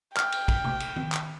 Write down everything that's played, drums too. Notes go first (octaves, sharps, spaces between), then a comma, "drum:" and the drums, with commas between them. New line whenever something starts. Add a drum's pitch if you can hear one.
G5 F6, drum: clap
drum: cymbal
drum: kick, cymbal
drum: tom C3
drum: cymbal
drum: tom D#3
drum: clap